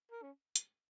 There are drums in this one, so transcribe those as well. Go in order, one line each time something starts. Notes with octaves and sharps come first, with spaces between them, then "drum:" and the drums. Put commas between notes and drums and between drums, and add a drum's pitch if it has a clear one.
A#4
C#4
drum: hi-hat